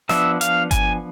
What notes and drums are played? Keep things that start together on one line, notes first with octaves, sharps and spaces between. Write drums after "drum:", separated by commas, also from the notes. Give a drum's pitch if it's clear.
F3 B3 D4 E5, drum: snare
F5, drum: hi-hat
G#5, drum: kick G1, hi-hat